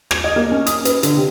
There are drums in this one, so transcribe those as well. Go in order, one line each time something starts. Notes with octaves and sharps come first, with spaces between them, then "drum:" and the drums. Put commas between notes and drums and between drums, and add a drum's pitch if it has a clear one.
G#6, drum: rim click
D#5
A#3
C#4
D#6, drum: hi-hat
B4, drum: hi-hat
D3, drum: hi-hat
C3